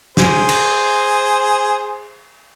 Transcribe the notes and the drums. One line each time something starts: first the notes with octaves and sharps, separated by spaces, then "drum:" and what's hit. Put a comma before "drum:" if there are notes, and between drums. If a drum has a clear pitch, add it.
G#4 C5, drum: snare
drum: cymbal